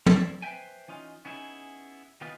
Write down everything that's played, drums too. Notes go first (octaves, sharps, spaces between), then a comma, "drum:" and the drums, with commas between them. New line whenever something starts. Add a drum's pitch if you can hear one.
C4 E4 A4 A#4 C5 D5, drum: tom
B4 C5 D#5 E5 G5 G#5
E3 C#4 D#4 F4
B3 C#4 D#4 E4 F#4 G#4
D#3 E3 B3 D#4 F4 B4